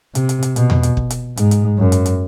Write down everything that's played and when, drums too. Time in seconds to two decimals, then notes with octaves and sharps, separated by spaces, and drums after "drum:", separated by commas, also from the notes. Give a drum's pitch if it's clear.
0.15 C3, drum: hi-hat
0.29 drum: hi-hat
0.43 drum: hi-hat
0.56 B2, drum: hi-hat
0.70 drum: tom E2
0.83 drum: hi-hat
0.97 drum: kick
1.10 drum: hi-hat
1.37 G#2, drum: hi-hat
1.51 drum: hi-hat
1.78 F#2
1.92 drum: hi-hat
2.06 drum: hi-hat